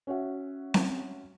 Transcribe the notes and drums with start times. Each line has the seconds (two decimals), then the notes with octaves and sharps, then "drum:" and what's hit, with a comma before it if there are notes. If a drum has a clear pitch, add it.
0.07 C#4 F#4 C#5 E5 F#5
0.74 drum: snare C4